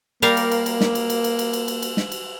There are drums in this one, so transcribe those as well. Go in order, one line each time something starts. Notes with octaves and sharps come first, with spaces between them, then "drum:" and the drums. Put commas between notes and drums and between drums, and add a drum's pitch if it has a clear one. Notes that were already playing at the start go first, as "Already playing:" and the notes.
G3 A#3 A#4 F5, drum: cymbal
drum: cymbal
drum: cymbal
drum: cymbal
drum: snare
drum: cymbal
drum: cymbal
drum: cymbal
drum: cymbal
drum: cymbal
drum: cymbal
drum: cymbal
drum: snare
drum: cymbal